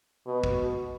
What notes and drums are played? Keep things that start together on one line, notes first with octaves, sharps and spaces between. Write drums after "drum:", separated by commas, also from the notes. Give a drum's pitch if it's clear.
B2
drum: kick